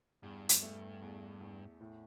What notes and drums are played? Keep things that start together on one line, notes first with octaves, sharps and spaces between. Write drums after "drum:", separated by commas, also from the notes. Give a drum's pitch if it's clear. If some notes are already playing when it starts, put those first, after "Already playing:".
E2 G2
drum: hi-hat
A3
E2
E2
A2